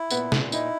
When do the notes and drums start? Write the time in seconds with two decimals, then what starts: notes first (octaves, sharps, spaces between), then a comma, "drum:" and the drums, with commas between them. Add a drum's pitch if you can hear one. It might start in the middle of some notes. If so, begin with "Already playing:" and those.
Already playing: E4
0.11 A#2 B3, drum: tambourine
0.32 A#2, drum: snare
0.52 D#4 E4, drum: tambourine